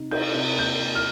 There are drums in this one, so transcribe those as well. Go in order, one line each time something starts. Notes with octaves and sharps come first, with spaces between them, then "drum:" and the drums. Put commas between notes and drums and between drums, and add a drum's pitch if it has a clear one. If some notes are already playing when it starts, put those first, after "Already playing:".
Already playing: C3 D#4
D#4 G6, drum: cymbal
C3
A#3 G6
A#3
F6